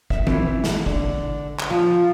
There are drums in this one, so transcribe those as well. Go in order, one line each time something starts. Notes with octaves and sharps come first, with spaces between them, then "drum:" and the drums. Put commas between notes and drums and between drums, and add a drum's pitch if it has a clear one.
E5, drum: kick
E3, drum: tom
drum: snare
D3, drum: kick
drum: clap
F3